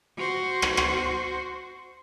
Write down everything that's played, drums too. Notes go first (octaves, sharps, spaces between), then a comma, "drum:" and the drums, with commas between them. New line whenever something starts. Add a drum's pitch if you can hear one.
F#4 C5
drum: rim click
drum: rim click